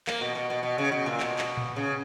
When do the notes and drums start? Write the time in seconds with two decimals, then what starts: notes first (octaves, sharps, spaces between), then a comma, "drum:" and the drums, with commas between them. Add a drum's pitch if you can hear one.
0.07 A#3, drum: clap
0.21 B2
0.35 B2
0.50 B2
0.63 B2
0.78 C#3
0.92 B2
1.06 A#2
1.20 B2, drum: clap
1.39 drum: clap
1.57 drum: tom A2
1.76 C#3